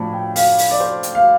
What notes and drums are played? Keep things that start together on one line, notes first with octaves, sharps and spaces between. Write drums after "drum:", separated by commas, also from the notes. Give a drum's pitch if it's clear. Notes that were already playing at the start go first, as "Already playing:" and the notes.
Already playing: A2 F3 D4 A5
G5
F5, drum: open hi-hat
drum: open hi-hat
D5
C5
drum: hi-hat
F5